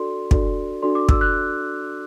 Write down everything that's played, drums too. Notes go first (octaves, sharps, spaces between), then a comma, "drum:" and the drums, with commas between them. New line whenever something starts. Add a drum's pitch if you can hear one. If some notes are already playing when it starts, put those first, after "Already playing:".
Already playing: D4 F#4 A4 D5 C6
D4 F#4 A4 D5, drum: kick
D4 F#4 A4 D5 C6
D6
E6, drum: kick
F#6